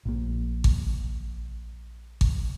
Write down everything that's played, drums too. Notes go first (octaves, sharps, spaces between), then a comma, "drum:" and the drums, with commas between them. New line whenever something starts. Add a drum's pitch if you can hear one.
A#1 A#3
drum: kick G#1
drum: kick G#1